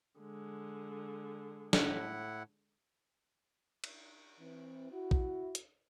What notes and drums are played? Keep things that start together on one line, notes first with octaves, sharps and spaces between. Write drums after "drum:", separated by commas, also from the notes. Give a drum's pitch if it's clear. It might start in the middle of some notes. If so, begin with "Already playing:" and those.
D3 G#3
A2 E4 F#5, drum: snare
drum: cymbal
E3 C4
E4 F#4
drum: kick A#1
drum: hi-hat